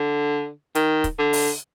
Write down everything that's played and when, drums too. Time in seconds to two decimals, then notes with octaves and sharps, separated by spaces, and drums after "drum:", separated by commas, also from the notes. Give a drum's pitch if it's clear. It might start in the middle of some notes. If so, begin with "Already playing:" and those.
Already playing: D3
0.75 D#3, drum: hi-hat
1.04 drum: kick, hi-hat
1.19 D3
1.33 drum: open hi-hat